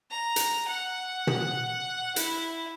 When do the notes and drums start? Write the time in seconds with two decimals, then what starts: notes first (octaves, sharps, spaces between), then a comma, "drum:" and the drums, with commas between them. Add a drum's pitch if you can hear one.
0.11 A#5
0.36 drum: hi-hat
0.68 F#5
1.27 drum: tom
2.16 E4, drum: hi-hat